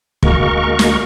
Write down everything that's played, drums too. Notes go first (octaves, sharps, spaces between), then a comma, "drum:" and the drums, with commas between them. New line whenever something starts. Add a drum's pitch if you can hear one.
D2 G#3 A#3 F#4 A#4 C#6, drum: kick
drum: snare